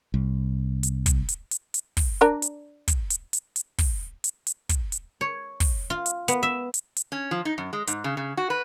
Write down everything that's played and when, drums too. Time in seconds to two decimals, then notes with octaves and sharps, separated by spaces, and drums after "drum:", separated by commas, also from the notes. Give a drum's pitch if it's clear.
0.14 C2
0.83 drum: hi-hat
1.06 drum: kick, hi-hat
1.29 drum: hi-hat
1.51 drum: hi-hat
1.74 drum: hi-hat
1.97 drum: kick, open hi-hat
2.21 D4 A#4 D5
2.42 drum: hi-hat
2.88 drum: kick, hi-hat
3.10 drum: hi-hat
3.33 drum: hi-hat
3.56 drum: hi-hat
3.78 drum: kick, open hi-hat
4.24 drum: hi-hat
4.47 drum: hi-hat
4.69 drum: kick, hi-hat
4.92 drum: hi-hat
5.21 C#5
5.60 drum: kick, open hi-hat
5.90 F4
6.06 drum: hi-hat
6.28 B3, drum: hi-hat
6.43 E5
6.74 drum: hi-hat
6.97 drum: hi-hat
7.12 C#4
7.31 F3
7.45 D#4
7.58 F#2
7.73 G#3
7.87 G#2, drum: hi-hat
8.04 C#3
8.17 C#3
8.37 F#4
8.50 B4